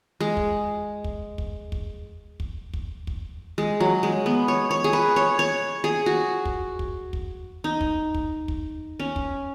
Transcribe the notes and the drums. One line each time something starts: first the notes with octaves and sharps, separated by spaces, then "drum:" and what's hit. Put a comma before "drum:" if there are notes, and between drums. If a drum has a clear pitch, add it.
G#3
drum: kick
drum: kick
drum: kick
drum: kick
drum: kick
drum: kick
drum: kick
G#3
F#3
G#3
B3
C#5
C#5
G#4
B4
C#5
C#5
G#4
F#4
drum: kick
drum: kick
drum: kick
D#4
drum: kick
drum: kick
drum: kick
C#4
drum: kick